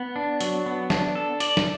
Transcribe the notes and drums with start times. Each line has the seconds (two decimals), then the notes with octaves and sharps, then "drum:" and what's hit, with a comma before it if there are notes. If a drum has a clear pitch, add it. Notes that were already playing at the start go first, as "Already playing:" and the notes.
Already playing: B3
0.16 D4
0.41 F#3, drum: hi-hat
0.66 B3
0.90 D4, drum: snare
1.15 A4
1.40 D5, drum: hi-hat
1.57 drum: snare